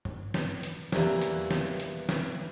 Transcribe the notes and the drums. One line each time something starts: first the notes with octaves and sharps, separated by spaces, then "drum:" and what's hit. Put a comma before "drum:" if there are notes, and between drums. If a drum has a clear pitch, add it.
drum: tom G2
drum: snare
drum: hi-hat
E2 E3 G3 A#3 A#5, drum: snare
drum: hi-hat
drum: snare
drum: hi-hat
drum: snare